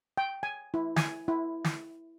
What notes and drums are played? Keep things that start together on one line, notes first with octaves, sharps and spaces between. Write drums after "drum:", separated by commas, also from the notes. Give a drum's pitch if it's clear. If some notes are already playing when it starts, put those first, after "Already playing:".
G5
G#5
E4
G#5, drum: snare
E4
drum: snare